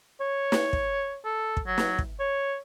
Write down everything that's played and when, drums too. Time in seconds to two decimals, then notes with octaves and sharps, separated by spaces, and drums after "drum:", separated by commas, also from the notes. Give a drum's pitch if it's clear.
0.21 C#5
0.52 drum: snare
0.73 drum: kick
1.25 A4
1.57 drum: kick
1.67 F#3
1.78 drum: snare
1.99 drum: kick
2.19 C#5